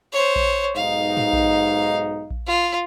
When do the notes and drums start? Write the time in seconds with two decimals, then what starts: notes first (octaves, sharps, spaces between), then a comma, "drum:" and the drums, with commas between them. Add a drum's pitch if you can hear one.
0.13 C5 C#5
0.36 drum: kick A#1
0.76 B1 G#2 D#4 F5
1.17 drum: tom G#2
1.33 drum: kick A#1
2.31 drum: kick A#1
2.47 F4